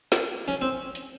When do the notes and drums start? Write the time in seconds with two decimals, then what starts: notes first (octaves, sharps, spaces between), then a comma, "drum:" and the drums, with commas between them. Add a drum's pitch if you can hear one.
0.12 drum: snare
0.48 C#4
0.62 C4
0.95 drum: hi-hat